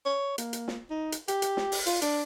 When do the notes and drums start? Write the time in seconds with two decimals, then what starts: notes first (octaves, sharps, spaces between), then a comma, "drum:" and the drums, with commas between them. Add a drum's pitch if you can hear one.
0.06 C#5
0.38 A#3, drum: hi-hat
0.53 drum: hi-hat
0.68 drum: snare
0.90 D#4
1.12 drum: hi-hat
1.28 G4, drum: hi-hat
1.42 drum: hi-hat
1.57 drum: snare
1.72 drum: open hi-hat
1.86 F4, drum: hi-hat
2.02 D4, drum: hi-hat